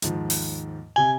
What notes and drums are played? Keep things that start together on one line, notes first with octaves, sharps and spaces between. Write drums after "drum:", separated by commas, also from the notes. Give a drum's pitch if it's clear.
D#2 G#2 F3, drum: hi-hat
drum: open hi-hat
C3 G#5 G7